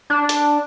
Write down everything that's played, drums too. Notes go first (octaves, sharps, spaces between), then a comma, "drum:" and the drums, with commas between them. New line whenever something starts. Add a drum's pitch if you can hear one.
D4
drum: hi-hat